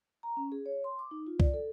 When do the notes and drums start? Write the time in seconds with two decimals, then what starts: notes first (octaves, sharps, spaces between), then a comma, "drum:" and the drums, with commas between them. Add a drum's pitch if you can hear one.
0.23 A#5
0.37 C#4
0.52 G#4
0.66 C#5
0.84 C6
0.99 D6
1.11 D#4
1.27 F4
1.40 D5, drum: kick C2
1.54 A4